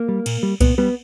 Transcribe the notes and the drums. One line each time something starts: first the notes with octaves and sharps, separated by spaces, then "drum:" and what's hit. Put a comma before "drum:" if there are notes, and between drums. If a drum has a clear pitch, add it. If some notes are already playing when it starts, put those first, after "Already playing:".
Already playing: A#3
G3
A#2, drum: cymbal
G3
A#2 B3, drum: kick C2, cymbal
G3 B3